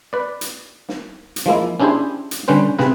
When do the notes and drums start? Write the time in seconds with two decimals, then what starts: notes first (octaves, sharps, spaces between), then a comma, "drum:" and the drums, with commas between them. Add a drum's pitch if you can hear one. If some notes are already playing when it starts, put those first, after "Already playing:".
0.13 B4 D5
0.41 drum: hi-hat
0.89 drum: snare
1.36 drum: hi-hat
1.46 F3 G#3 A#3 E4
1.80 C#4 D4 E4 G4 G#4 C5
2.31 drum: hi-hat
2.48 D3 G3 C#4 B4 C5
2.79 C3 C4 G#4 B4, drum: snare